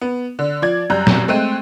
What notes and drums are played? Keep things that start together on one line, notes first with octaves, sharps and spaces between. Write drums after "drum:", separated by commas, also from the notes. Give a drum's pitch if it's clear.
B3
D3
F3 D5 G#6
F#2 G3 A#5 F#6 G6
drum: snare
G#3 A3 C4 F#6 D#7